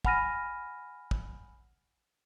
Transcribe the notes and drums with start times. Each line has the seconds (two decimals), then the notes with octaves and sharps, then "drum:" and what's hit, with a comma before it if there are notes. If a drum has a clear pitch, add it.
0.05 F#5 G#5 B5 F6 A#6 D#7, drum: kick
1.11 drum: kick